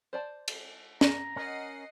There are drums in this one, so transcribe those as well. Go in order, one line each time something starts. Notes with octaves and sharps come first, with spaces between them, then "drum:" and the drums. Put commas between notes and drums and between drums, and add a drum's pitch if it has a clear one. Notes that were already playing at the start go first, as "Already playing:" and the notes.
C5 D5 A5
drum: cymbal
A#5, drum: snare
C#4 A#4 D#5 F#5 C7